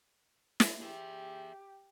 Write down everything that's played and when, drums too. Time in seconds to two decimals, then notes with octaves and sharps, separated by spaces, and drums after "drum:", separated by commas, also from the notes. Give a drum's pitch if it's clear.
0.60 drum: snare
0.81 G4 G#4 E5